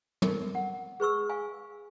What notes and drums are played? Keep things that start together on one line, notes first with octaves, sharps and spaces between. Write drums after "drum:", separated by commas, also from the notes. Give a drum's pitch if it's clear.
A#4, drum: tom
F#5
G#4 B4 C#6 E6
F5 G#5